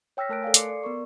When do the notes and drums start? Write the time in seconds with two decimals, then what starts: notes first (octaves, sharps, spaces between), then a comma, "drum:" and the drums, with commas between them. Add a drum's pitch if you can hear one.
0.17 C#5 G5 E6 F6 A#6 B6
0.29 A3 A#4 A5 F#6 D7
0.43 A4 D5 F5 G#5
0.54 C6 D6 C7 C#7, drum: hi-hat
0.70 D5
0.83 B3 A#4 C#6